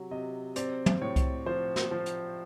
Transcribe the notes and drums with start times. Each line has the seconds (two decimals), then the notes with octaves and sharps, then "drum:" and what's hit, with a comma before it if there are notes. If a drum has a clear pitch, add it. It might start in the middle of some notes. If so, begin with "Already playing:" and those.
Already playing: C3 F#3
0.11 C3 D#5
0.56 C4 D5, drum: hi-hat
0.86 drum: tom
1.02 A2 C#5
1.16 drum: kick C2, hi-hat
1.46 F3 C5
1.76 drum: snare
1.91 F3
2.06 drum: hi-hat